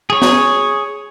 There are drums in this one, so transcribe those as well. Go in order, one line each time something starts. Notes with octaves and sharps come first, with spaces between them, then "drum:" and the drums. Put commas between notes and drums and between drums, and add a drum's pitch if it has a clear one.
G#4 C#5
drum: snare